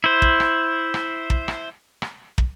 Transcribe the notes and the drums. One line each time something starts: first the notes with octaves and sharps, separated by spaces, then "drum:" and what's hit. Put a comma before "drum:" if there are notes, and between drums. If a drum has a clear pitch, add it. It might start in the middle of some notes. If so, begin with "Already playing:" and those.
E4 C5
drum: kick
drum: rim click
drum: rim click
drum: kick
drum: rim click
drum: rim click
drum: kick